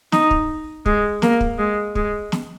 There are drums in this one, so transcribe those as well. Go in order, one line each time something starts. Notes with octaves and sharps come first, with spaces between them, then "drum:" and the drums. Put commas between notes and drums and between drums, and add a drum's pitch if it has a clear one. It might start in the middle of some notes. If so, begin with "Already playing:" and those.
D#4, drum: snare
drum: kick
G#3, drum: kick
A#3, drum: snare
drum: kick
G#3
G#3, drum: kick
drum: snare